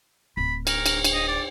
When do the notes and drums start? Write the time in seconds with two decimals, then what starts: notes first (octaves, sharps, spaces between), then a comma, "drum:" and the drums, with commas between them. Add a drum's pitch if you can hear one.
0.37 D1 B5
0.67 A#4, drum: cymbal
0.86 drum: cymbal
1.05 drum: cymbal
1.14 D#5
1.28 D5